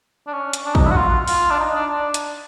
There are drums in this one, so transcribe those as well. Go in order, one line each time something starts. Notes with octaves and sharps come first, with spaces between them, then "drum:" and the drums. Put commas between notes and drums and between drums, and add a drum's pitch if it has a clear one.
D4
C#4
drum: hi-hat
D4
D#4, drum: kick
E4
F#4
F4
F4, drum: open hi-hat
D4
D#4
D4
D4
drum: hi-hat